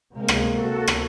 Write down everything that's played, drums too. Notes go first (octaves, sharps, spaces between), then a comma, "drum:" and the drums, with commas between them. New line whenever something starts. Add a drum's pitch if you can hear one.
C3 G#3 A#3
drum: rim click
F#4 A4
drum: rim click